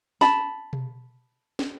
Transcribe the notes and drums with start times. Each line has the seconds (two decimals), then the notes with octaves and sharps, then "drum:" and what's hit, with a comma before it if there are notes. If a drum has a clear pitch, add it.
0.21 A5 B5, drum: snare
0.73 drum: tom B2
1.59 drum: snare